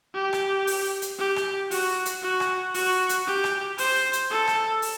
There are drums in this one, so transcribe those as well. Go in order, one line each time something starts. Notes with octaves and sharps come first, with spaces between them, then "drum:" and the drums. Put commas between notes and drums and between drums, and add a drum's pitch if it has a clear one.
G4
drum: rim click
drum: open hi-hat
drum: hi-hat
G4
drum: rim click
F#4, drum: open hi-hat
drum: hi-hat
F#4
drum: rim click
F#4, drum: open hi-hat
drum: hi-hat
G4
drum: rim click
C5, drum: open hi-hat
drum: hi-hat
A4
drum: rim click
drum: open hi-hat